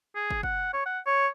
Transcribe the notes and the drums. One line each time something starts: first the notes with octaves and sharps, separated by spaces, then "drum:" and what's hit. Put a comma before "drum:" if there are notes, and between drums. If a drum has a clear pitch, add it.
G#4
drum: kick
F#5, drum: kick
C#5
F#5
C#5